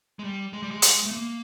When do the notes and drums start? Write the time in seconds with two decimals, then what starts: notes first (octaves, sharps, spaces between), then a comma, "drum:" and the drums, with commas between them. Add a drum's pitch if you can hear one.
0.19 G#3
0.24 G3
0.53 G#3
0.63 G3
0.71 G#3
0.82 drum: hi-hat
1.05 A3
1.11 A#3